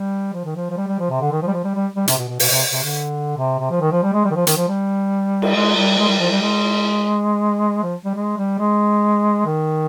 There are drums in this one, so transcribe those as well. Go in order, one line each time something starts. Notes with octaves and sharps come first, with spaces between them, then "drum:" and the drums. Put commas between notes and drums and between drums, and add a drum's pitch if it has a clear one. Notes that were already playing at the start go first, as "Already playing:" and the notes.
Already playing: G3
F3
D#3
F3
F3
G3
G3
F3
C3
D3
D#3
F3
G3
F3
G3
G3
G3
C3, drum: hi-hat
B2
B2
B2, drum: open hi-hat
C3
C3
D3
C3
C3
F3
D#3
F3
G3
G#3
G3
D#3
F3
D#3, drum: hi-hat
F3
G3
drum: cymbal
G#3
G3
G#3
G3
F3
G3
G#3
F3
G3
G#3
G3
G#3
D#3